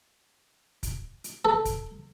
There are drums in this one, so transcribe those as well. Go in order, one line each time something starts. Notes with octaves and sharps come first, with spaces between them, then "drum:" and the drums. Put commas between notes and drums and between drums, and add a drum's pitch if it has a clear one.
drum: kick, hi-hat
drum: hi-hat
A4
drum: kick, hi-hat